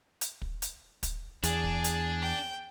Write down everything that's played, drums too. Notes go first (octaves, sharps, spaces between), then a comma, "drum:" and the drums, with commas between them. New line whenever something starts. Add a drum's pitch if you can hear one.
drum: hi-hat
drum: kick
drum: hi-hat
drum: kick, hi-hat
E2 D4 G#4, drum: hi-hat
drum: kick
drum: hi-hat
G5